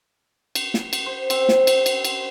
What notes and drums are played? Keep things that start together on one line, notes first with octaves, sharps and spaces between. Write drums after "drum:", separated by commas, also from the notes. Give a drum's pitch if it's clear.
drum: cymbal
drum: snare
drum: cymbal
C5
C4, drum: cymbal
drum: snare
drum: cymbal
drum: cymbal
drum: cymbal